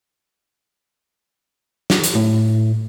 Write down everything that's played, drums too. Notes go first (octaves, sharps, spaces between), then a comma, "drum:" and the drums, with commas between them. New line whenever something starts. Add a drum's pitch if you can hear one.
drum: snare
drum: hi-hat
A2